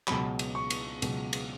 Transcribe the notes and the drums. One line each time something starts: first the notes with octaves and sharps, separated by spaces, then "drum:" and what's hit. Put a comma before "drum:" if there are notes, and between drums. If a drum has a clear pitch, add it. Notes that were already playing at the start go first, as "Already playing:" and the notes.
C#2 B2 F#3 B5, drum: clap
drum: cymbal
C#6
drum: cymbal
C#2 B2 F#3, drum: cymbal
drum: cymbal